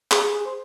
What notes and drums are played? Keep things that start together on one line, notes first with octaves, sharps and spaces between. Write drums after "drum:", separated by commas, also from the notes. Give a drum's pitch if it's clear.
G#4, drum: clap
G#4
G#4
C5